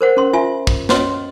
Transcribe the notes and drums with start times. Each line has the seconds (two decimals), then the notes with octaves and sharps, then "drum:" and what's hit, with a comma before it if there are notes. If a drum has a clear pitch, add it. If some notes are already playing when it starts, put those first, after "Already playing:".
0.01 A#4 C5 F#5
0.17 C#4 C6
0.33 F4 E5 G#5
0.67 drum: kick
0.89 C#4 F#4 B4 C#5 D#5 C6, drum: snare